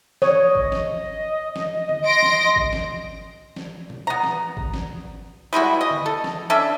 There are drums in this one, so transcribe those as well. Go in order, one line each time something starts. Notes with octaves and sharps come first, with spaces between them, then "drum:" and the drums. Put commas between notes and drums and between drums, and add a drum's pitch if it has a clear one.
C#5 D#5, drum: snare
drum: kick G#1
drum: snare
drum: snare
drum: tom D3
C6 A#6 D7
drum: snare
drum: kick G#1
drum: snare
drum: snare
drum: tom B2
B3 A#5
drum: snare
drum: kick G#1
drum: snare
G3 G#3 E4 F#4
D#5
drum: tom D3
A4
drum: snare
C#4 D4 A4 E5